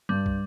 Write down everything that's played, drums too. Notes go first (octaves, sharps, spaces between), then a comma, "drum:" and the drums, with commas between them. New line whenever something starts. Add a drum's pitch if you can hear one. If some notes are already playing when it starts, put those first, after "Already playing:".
G2 G3
drum: kick